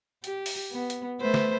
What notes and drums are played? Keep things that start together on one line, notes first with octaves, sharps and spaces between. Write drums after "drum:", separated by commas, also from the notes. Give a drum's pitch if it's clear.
G4, drum: hi-hat
drum: open hi-hat
B3
drum: hi-hat
A3 B4 C5
drum: snare